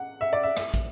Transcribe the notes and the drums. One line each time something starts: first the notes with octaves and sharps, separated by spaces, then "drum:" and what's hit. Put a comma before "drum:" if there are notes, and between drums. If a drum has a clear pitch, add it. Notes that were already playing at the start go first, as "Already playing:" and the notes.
Already playing: F#5
E5
D5
E5
E5, drum: rim click
drum: kick, hi-hat